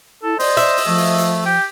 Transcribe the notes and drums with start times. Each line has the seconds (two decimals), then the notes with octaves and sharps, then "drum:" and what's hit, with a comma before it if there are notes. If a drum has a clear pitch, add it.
0.23 E4 A4
0.40 C5 D5 D#5, drum: open hi-hat
0.57 E5, drum: hi-hat
0.77 drum: open hi-hat
0.87 F3 A3
0.98 drum: open hi-hat
1.18 drum: hi-hat
1.46 G4 G5